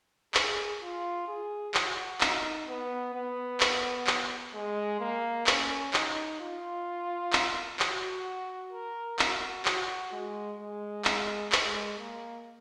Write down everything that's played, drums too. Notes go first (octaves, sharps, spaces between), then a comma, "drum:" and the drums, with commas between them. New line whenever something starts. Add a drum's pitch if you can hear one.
G#4, drum: clap
F4
G#4
F#4, drum: clap
D#4, drum: clap
B3
B3
drum: clap
drum: clap
G#3
A#3
C#4, drum: clap
D#4, drum: clap
F4
drum: clap
F#4, drum: clap
A#4
F#4, drum: clap
F#4, drum: clap
G#3
G#3
G#3, drum: clap
G#3, drum: clap
A#3